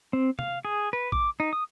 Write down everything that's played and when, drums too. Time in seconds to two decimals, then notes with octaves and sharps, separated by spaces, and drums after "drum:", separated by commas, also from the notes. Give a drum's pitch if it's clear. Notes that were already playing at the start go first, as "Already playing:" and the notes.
0.13 C4
0.39 F5, drum: tom
0.65 G#4
0.93 B4
1.12 D6, drum: kick A#1
1.40 D#4
1.53 D#6